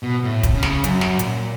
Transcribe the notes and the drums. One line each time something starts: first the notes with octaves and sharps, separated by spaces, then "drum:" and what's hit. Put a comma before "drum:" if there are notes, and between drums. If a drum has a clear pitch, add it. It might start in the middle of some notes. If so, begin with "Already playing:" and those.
B2
A2
drum: kick, hi-hat
C#3
drum: snare
F#2, drum: hi-hat
drum: snare
A#2, drum: hi-hat